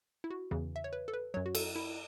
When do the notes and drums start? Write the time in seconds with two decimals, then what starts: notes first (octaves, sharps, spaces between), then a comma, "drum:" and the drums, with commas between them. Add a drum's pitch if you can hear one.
0.24 E4
0.30 F#4
0.51 E2 C#3 E3
0.76 E5
0.84 C#5
0.93 B4
1.08 A4
1.13 B4
1.34 F#2 F#3 C#5
1.46 F#4
1.55 A4, drum: cymbal
1.76 E4